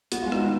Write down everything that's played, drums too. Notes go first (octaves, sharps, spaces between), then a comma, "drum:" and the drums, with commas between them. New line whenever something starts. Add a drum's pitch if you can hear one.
B3 F#4, drum: hi-hat
F4
G#3
D#4, drum: rim click
D#3